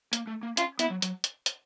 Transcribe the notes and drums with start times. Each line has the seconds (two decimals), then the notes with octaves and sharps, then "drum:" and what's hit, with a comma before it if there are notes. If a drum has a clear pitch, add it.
0.13 A#3, drum: hi-hat
0.27 A3
0.43 A#3
0.57 C#4 F4, drum: hi-hat
0.79 B3 E4, drum: hi-hat
0.90 F#3
1.02 F#3, drum: hi-hat
1.24 drum: hi-hat
1.46 drum: hi-hat